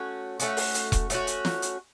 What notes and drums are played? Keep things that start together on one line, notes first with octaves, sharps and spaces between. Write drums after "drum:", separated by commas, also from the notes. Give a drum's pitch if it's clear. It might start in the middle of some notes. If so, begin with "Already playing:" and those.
Already playing: A3 C#4 F#4
A3 C#4 F#4, drum: hi-hat
drum: open hi-hat
drum: hi-hat
drum: kick E1, hi-hat
A3 C#4 F#4, drum: hi-hat
drum: hi-hat
drum: snare
drum: hi-hat